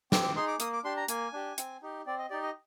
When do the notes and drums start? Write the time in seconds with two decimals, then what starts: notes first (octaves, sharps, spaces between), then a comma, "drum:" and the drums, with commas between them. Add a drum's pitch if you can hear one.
0.12 C4 D6, drum: snare
0.23 D6
0.36 D#4 G#4 C6
0.48 D6
0.60 A#3 D#6, drum: hi-hat
0.73 D6
0.84 D4 G4 C6
0.97 A#5
1.08 A#3 G#5, drum: hi-hat
1.33 D4 G4
1.58 C4, drum: hi-hat
1.82 D#4 G4
2.07 C4 D5
2.18 D#5
2.30 D#4 G4 D5
2.42 D#5